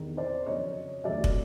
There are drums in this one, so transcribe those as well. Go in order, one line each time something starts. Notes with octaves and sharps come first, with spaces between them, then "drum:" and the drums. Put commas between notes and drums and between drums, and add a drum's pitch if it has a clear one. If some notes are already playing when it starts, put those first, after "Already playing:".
Already playing: E2 C3 D#3
C5 D5
F2 C#3 F#3 C#5 D#5
D2 C3 D#3 F#3 D5 E5
drum: kick